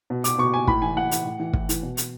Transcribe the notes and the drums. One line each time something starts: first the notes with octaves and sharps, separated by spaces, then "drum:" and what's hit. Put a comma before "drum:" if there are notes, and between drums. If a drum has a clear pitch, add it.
B2
D6, drum: hi-hat
B2 C#6
G#5
A2 B5, drum: kick
E3 G#5
A2 F#5
E3, drum: hi-hat
A2
E3
A2, drum: kick
E3, drum: hi-hat
B2
drum: hi-hat